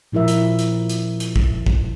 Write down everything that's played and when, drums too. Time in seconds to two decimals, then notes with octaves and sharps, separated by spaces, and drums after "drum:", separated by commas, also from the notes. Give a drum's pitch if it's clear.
0.12 A#2 F3 E4 A#4 E5
0.28 drum: hi-hat
0.59 drum: hi-hat
0.89 drum: hi-hat
1.20 drum: hi-hat
1.36 drum: kick
1.66 drum: kick